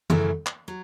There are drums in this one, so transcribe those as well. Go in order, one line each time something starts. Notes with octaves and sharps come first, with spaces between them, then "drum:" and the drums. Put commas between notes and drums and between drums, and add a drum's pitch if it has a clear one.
F#2 C#3 E3 A3, drum: tom
drum: clap
F#3